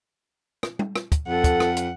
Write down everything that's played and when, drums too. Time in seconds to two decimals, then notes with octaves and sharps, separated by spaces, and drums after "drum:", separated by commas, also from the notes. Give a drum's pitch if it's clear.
0.63 drum: rim click
0.79 drum: tom
0.96 drum: rim click
1.12 drum: kick, hi-hat
1.28 F2 A4 F#5
1.44 drum: kick, hi-hat
1.60 drum: rim click
1.77 drum: hi-hat